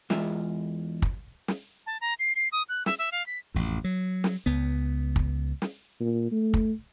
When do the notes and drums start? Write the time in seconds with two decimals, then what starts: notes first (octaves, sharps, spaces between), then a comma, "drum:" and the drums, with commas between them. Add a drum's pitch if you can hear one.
0.10 E2 G#3 F4 E5, drum: snare
1.02 drum: kick
1.48 drum: snare
1.86 A5
2.01 A#5
2.19 C7
2.36 C7
2.52 D#6
2.69 F#6
2.86 E5, drum: snare
2.99 E5
3.12 F5
3.26 B6
3.55 A1 F2
3.84 F#3
4.24 drum: snare
4.46 C#2 B3
5.16 drum: kick
5.62 drum: snare
6.00 A#2
6.32 A3
6.54 drum: kick